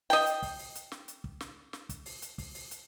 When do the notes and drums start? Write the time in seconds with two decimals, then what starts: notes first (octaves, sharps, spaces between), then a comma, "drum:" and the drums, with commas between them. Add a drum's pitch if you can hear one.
0.10 D#5 G5, drum: open hi-hat
0.26 drum: hi-hat
0.43 drum: kick, open hi-hat
0.59 drum: open hi-hat
0.75 drum: hi-hat
0.92 drum: snare
1.08 drum: hi-hat
1.24 drum: kick
1.40 drum: snare
1.73 drum: snare
1.89 drum: kick, hi-hat
2.06 drum: open hi-hat
2.22 drum: hi-hat
2.38 drum: kick, open hi-hat
2.55 drum: open hi-hat
2.71 drum: hi-hat